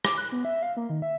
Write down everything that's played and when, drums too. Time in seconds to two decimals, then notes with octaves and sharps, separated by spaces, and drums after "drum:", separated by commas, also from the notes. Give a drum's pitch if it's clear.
0.05 D6, drum: rim click
0.18 F#6
0.32 B3
0.45 E5
0.62 F5
0.77 A#3
0.90 D#3
1.02 E5